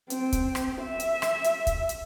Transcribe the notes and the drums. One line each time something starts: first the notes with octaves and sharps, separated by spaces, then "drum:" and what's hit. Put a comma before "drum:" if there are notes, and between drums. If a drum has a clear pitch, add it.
C4, drum: hi-hat
drum: kick, hi-hat
drum: rim click
E5
drum: hi-hat
drum: rim click
drum: hi-hat
drum: kick, hi-hat
drum: hi-hat